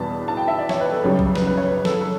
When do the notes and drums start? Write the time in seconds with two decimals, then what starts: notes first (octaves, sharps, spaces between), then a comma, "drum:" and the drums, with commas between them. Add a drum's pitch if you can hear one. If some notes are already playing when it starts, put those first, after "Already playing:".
Already playing: E2 B2 G3 B3 A5 B5
0.28 A5
0.37 G5
0.48 E5
0.59 D5
0.69 C#5, drum: snare
0.80 B4
0.92 A4
1.03 F#2 C#3 G3
1.19 drum: kick B1
1.35 B4, drum: snare
1.47 B4
1.57 C#5
1.69 B4
1.85 A4, drum: snare
2.01 A4